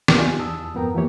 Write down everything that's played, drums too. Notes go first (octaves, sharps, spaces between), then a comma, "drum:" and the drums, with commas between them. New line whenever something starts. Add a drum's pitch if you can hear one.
drum: snare
D#4 F4 G4 D5 G#5
E2 A5 D#6 E6
F2 G#2 B3 A#4 G5 A#5
E3 F3 A#3 G4 C#5